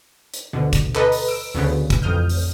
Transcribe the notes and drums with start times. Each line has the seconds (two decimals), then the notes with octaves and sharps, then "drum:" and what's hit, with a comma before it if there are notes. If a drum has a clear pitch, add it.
0.34 drum: hi-hat
0.53 D2 B2 D3
0.73 drum: kick, hi-hat
0.95 A4 B4 D#5 A#5, drum: clap
1.12 drum: open hi-hat
1.28 E6 D7
1.55 D2 C#3 B3
1.90 drum: kick, hi-hat
2.02 A1 F2 D#6 F6 G6
2.29 drum: open hi-hat